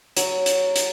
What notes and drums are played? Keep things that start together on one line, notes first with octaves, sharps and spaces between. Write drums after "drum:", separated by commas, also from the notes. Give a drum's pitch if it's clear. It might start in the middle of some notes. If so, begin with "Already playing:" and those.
F#3, drum: hi-hat
drum: hi-hat
drum: hi-hat